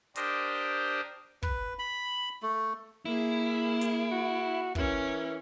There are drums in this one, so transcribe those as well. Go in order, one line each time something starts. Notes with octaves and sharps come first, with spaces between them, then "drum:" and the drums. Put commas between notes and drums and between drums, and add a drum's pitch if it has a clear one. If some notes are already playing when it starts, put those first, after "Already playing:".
D4 G4 A#4 C5 D#5, drum: hi-hat
B4, drum: kick
B5
A3
A#3 E4 G#4
drum: hi-hat
F#4
E3 C#4 A#4, drum: kick